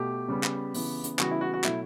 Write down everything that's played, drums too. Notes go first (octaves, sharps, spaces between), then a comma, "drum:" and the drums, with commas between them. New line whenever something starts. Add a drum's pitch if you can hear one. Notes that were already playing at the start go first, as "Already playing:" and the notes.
Already playing: B2 A3 G4
C#3 G3 B3
drum: clap
C#3 E3 B3, drum: open hi-hat
drum: hi-hat
C#3 E3 G3 B3 F#4, drum: clap
E4
F#4
F#4
B2 F#3 A3 E4, drum: clap